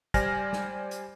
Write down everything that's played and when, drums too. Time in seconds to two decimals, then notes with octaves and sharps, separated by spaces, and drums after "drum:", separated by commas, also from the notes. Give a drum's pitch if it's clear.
0.14 G3 C5 D5 G#5 F6 A#6, drum: kick, hi-hat
0.53 drum: snare
0.91 drum: hi-hat